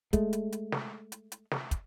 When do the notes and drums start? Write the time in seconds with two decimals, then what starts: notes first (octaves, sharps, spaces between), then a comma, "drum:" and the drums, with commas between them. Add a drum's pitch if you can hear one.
0.13 G#3 A3, drum: kick, hi-hat
0.33 drum: hi-hat
0.52 drum: hi-hat
0.72 drum: snare
1.12 drum: hi-hat
1.32 drum: hi-hat
1.51 drum: snare
1.71 drum: kick, hi-hat